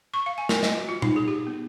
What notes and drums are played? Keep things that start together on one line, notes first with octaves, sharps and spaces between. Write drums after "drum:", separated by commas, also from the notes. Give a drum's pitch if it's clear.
C#6
F5
G#5
A#4, drum: snare
D#5, drum: snare
F#4
F4
D#4, drum: tom A#2
G#4
G4
B3